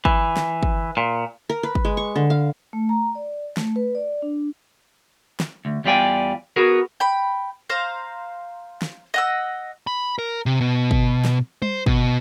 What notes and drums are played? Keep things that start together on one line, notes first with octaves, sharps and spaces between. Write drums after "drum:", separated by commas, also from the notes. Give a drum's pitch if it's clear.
E3, drum: kick G1
drum: snare
drum: kick G1
A#2
A#4
B4
drum: kick G1
G#3
C#6
D3
F5
A3
A#5
D5
A3, drum: snare
B4
D5
D4
drum: snare
D2
E2 G3 F4 D5 G5 G#5
B3 F#4 G#4 A#4
G5 B5
C5 F5 A#5
drum: snare
D#5 F#5 E6
B5
A#4
C3
B2
drum: kick G1
drum: snare
C5, drum: tom G3
B2, drum: kick G1